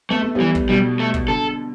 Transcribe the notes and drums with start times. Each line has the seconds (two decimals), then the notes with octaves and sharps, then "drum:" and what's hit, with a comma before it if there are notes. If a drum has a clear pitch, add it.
0.11 A3 B3
0.23 A3
0.35 E3 G3 B3
0.55 drum: kick
0.69 B2 G3
1.00 A3
1.14 drum: kick
1.28 D3 A4